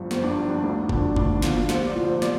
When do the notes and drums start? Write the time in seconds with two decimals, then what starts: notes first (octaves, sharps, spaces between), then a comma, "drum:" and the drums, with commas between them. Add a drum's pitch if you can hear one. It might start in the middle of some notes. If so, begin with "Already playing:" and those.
Already playing: G1 G2 F3
0.11 G1 C4, drum: snare
0.24 D4
0.37 G2 F3
0.51 D4
0.64 D2 D4
0.89 D3 F3 D4, drum: kick F#1
1.16 D2 D4, drum: kick F#1
1.42 D3 F3 F4, drum: snare
1.69 C2 C5, drum: snare
1.87 D5
1.95 A#2 F3
2.04 C5
2.22 D5, drum: snare